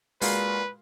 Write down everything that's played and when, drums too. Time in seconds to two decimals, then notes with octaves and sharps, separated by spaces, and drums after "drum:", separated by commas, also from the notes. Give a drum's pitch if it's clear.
0.22 A#2 G#3 A#3 F#4 A#4 B4, drum: open hi-hat